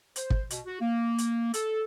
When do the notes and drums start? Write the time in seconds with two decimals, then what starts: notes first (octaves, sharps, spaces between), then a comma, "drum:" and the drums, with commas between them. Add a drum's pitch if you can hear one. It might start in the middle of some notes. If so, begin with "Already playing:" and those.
0.16 C5, drum: hi-hat
0.30 drum: kick
0.50 B2, drum: hi-hat
0.66 F#4
0.81 A#3
1.18 drum: hi-hat
1.54 A4, drum: hi-hat